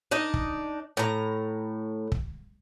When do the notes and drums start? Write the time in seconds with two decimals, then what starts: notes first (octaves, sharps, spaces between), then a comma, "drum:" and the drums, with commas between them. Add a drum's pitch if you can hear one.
0.11 D4 D#4 D#5
0.34 drum: kick
0.97 A2 A#5
2.12 drum: kick